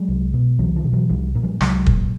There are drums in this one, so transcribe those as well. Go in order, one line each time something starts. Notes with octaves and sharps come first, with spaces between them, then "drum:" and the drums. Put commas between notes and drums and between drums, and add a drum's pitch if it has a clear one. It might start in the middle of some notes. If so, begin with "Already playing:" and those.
Already playing: F#3 G#3
C2
B2
C2 E3 F#3
D#3 F3
B2
E3 F#3
C2 F3 G3
A#2
F3 G3
C2 F#3 G#3, drum: snare
A#2, drum: kick